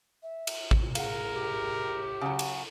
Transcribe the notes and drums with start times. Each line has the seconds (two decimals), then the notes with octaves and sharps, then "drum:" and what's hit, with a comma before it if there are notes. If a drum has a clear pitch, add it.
0.23 E5
0.47 drum: cymbal
0.71 drum: kick
0.95 G#4 A#4 F5 F#5, drum: cymbal
1.35 G4
2.21 C#3 F#3 F#5
2.39 drum: cymbal